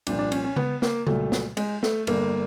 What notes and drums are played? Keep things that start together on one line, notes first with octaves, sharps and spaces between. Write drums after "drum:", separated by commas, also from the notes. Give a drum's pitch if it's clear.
C2 A#2 F3 D4, drum: cymbal
D4
C#4, drum: cymbal
C#4
B3, drum: tom C#3
A#3, drum: snare
C2 A#2 F#3 A3, drum: tom C#3
drum: snare
G#3, drum: cymbal
A3, drum: snare
G1 G2 D3 A#3, drum: cymbal